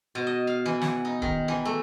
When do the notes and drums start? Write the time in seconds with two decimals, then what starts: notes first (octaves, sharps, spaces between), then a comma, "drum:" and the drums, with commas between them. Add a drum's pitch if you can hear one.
0.15 B2
0.27 D#5
0.47 F5
0.66 E3
0.81 F#5, drum: snare
1.05 D#4
1.22 D#3, drum: kick
1.48 E3
1.65 A3